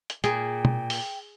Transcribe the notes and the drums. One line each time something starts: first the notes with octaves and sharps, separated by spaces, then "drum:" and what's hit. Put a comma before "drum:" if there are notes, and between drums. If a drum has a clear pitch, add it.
drum: hi-hat
A#2 G#4 G5, drum: hi-hat
drum: tom
drum: open hi-hat